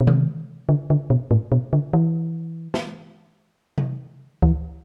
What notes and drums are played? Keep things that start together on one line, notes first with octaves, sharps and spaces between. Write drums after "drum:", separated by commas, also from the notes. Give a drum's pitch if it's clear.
B2
C3, drum: tom D#3
D3
D3
B2
A2
B2
D3
E3
drum: snare
drum: tom C3
E3, drum: kick D2